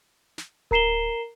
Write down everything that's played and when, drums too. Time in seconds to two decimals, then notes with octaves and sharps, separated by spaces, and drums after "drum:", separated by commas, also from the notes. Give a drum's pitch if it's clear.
0.38 drum: snare
0.71 A#4 A#5 C7 E7 G7, drum: kick D1